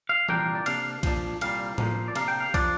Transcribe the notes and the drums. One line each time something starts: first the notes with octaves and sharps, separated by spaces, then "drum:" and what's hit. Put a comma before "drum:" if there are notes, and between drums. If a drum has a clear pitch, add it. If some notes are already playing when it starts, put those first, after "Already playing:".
F5
C2 A#2 A#3 D4 G5, drum: tom E3
D5
C3 A#3 D4 F5, drum: cymbal
A#2 F3 D4, drum: kick B1, cymbal
C2 A#2 G3 A#3 F5, drum: cymbal
A#2 F3 A#3, drum: tom A2
D5
C3 A#3 D4 F5, drum: cymbal
G5
F5
F3 D4 D5, drum: kick B1, cymbal